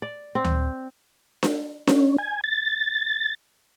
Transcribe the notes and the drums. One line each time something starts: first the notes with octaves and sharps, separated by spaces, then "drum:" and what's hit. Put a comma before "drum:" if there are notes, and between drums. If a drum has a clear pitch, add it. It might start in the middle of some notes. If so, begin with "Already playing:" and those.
D5
C4
drum: tom D2
drum: snare D4
C#4, drum: snare D4
G#5
A6